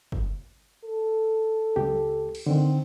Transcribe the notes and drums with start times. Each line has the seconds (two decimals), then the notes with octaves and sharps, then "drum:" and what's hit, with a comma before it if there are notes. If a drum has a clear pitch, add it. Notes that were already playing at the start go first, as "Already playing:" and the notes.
0.12 drum: kick
0.84 A4
1.76 C#2 G4, drum: tom F#3
2.35 drum: cymbal
2.46 D3 D#3 C4